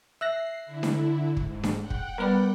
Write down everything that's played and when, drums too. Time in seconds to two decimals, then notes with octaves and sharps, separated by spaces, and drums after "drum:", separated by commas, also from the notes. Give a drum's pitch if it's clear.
0.21 E5 E6 F#6 A#6 C7
0.65 D3 E4
0.83 drum: snare D4
1.37 G#2, drum: kick
1.63 drum: snare D4
1.79 F#5 G5 F#6
1.90 drum: kick
2.18 G3 B3 A#4 B4 D5